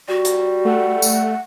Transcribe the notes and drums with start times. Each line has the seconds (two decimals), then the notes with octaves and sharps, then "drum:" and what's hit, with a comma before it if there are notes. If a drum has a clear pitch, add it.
0.09 G3 F#4
0.25 drum: hi-hat
0.65 A3 F#5
1.02 drum: tambourine